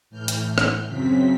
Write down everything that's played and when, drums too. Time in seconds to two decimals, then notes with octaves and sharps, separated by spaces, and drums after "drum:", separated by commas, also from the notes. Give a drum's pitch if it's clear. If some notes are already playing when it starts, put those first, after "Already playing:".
0.10 A2 E3 F6 G6
0.28 drum: hi-hat
0.58 drum: rim click
0.87 F#2 C#3 F#3 C4 B6